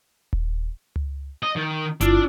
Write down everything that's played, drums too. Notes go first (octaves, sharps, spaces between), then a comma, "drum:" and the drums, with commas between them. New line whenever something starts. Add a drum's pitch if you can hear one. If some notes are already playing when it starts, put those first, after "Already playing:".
drum: kick D#1
drum: tom C#2
D#5
D#3
G1 D4 E4 F4, drum: hi-hat